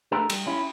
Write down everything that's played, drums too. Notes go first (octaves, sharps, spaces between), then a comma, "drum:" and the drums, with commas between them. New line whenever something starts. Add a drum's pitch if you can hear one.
A3 D4 G4 A#4
G3, drum: cymbal
C#4 E4